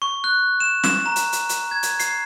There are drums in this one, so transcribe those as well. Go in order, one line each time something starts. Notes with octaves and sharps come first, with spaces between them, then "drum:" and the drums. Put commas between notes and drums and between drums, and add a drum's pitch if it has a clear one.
C#6
F#6
E7
E7, drum: snare
A#5
drum: hi-hat
drum: hi-hat
drum: hi-hat
G#6
drum: hi-hat
C7, drum: hi-hat